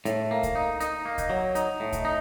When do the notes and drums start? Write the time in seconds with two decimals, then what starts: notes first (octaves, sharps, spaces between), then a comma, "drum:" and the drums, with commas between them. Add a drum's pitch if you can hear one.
0.05 A2, drum: hi-hat
0.31 A#3
0.43 drum: kick C2, hi-hat
0.55 D#4
0.80 D#4, drum: hi-hat
1.05 A#3
1.18 drum: kick C2, hi-hat
1.30 F#3
1.55 D#4, drum: hi-hat
1.80 A2
1.92 drum: kick C2, hi-hat
2.05 D#4